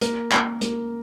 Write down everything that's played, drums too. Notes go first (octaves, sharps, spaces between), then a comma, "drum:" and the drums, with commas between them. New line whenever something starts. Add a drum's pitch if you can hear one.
A#3 A#4, drum: hi-hat
A#3, drum: clap
A#3, drum: hi-hat